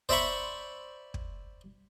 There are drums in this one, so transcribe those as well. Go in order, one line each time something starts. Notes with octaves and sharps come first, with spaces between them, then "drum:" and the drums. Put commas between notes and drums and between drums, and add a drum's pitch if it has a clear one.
C5 D5 E5 A#5 B5 C#6, drum: kick
drum: kick